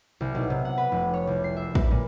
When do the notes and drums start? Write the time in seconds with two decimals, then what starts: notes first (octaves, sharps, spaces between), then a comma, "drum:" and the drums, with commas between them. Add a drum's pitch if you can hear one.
0.21 C2
0.35 B1
0.50 C3
0.65 F#5
0.78 B4
0.92 F1
1.14 C#5
1.27 C2
1.44 C7
1.57 E5
1.75 B4, drum: kick
1.91 A#2